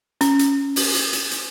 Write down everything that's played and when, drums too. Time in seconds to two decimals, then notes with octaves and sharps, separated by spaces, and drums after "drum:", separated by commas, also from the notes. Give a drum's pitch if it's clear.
0.21 C#4, drum: hi-hat
0.39 drum: hi-hat
0.76 drum: open hi-hat
0.94 drum: hi-hat
1.13 drum: hi-hat
1.31 drum: hi-hat